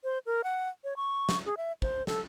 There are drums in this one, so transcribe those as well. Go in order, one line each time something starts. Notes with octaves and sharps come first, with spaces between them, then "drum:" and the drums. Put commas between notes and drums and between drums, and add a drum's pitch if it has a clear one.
C5
A#4
F#5
C#5
C#6
drum: snare
G#4
E5
C5, drum: kick
A4, drum: snare